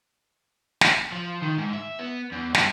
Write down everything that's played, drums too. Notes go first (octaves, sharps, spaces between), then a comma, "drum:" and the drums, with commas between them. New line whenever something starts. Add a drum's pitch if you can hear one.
drum: snare
F3
D#3
G#2
E5
B3
E2
G2, drum: snare